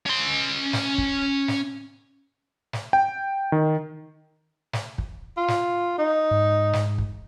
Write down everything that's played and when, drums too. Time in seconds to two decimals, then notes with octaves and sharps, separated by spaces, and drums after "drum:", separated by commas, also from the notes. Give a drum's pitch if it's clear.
0.06 C#4 C6
0.73 drum: snare
0.98 drum: kick
1.48 drum: snare
2.73 drum: snare
2.93 G5
3.52 D#3
4.73 drum: snare
4.98 drum: kick
5.37 F4
5.48 drum: snare
5.98 D#4
6.31 G#2
6.73 drum: snare
6.98 drum: kick